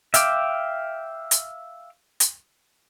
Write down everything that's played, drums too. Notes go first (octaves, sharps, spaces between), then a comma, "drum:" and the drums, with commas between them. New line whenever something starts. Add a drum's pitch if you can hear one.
E5 F5 G5 D6, drum: hi-hat
drum: hi-hat
drum: hi-hat